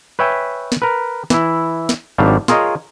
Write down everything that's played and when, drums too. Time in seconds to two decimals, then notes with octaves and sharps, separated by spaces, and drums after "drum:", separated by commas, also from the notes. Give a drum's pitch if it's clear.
0.19 B4 C#5 E5 G5 G#5
0.72 drum: snare
0.82 A#4 B4
1.30 E3 E4, drum: snare
1.89 drum: snare
2.18 G#1 F#3 G3 D4 F5
2.48 F4 G#4 A#4 C#5 D#5, drum: snare